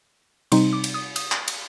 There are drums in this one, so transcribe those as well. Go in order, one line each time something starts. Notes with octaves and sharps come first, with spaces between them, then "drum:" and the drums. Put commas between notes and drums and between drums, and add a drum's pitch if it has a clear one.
C3 G3 C4 D#4 C6, drum: cymbal
D6
drum: cymbal
D#6
D#6, drum: cymbal
drum: clap
drum: cymbal